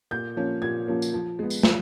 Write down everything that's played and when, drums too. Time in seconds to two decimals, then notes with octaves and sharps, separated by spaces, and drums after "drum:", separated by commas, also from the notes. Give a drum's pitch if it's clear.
0.11 A#2 G6
0.37 F3 A#3 C#4
0.62 A#2 G#6
0.88 F3 A#3 C#4
1.02 drum: tambourine
1.13 F3
1.39 G#3 B3
1.50 drum: tambourine
1.63 F3, drum: snare